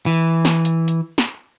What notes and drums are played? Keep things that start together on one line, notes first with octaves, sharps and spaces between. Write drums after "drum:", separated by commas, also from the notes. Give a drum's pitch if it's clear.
E3
drum: snare
drum: hi-hat
drum: hi-hat
drum: snare